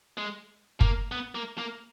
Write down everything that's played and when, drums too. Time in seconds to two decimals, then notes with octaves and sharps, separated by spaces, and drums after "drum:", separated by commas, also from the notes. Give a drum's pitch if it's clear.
0.17 G#3
0.81 A#3, drum: kick
1.12 B3
1.35 A#3
1.58 A#3